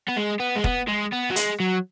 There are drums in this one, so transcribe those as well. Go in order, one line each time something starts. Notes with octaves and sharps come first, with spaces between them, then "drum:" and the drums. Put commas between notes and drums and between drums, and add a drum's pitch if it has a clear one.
B3
G#3
B3
G#3
B3, drum: kick
G#3
B3
F#3
G#3, drum: hi-hat
F#3